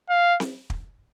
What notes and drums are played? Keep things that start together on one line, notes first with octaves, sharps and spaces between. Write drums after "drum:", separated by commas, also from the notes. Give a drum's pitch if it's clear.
F5
drum: snare C4
drum: kick